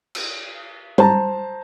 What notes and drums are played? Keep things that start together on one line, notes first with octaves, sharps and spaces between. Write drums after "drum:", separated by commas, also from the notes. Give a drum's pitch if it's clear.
drum: cymbal
C5 A5 A#5, drum: tom G3